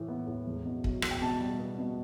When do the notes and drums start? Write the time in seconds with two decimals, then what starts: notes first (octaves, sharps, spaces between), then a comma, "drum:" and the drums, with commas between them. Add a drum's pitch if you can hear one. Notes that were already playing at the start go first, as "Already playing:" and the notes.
Already playing: A2 E3
0.08 B3
0.27 A2
0.47 E2
0.65 B2
0.84 F#3, drum: kick
1.02 E2, drum: rim click
1.11 G5
1.22 B2 A5
1.40 G3
1.59 B3
1.79 B2